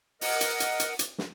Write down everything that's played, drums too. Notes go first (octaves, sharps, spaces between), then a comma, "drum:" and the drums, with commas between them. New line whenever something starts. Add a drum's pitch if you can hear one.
A#4 D#5 F#5, drum: open hi-hat
drum: hi-hat
drum: hi-hat
drum: hi-hat
drum: hi-hat
drum: snare